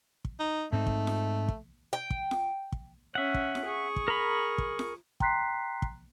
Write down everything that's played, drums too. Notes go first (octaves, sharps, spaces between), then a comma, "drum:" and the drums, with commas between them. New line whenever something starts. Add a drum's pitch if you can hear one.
drum: kick
D#4
G#2 A3 C4 D#4
drum: kick
drum: snare F4
drum: kick
G5
drum: kick
drum: snare F4
drum: kick
C#4 E5 F#5
drum: kick
drum: snare F4
G#4 C#6
drum: kick
A#4 A#5 B5
drum: kick
drum: snare F4
G5 A#5 C6 F#6 B6 C7, drum: kick
drum: kick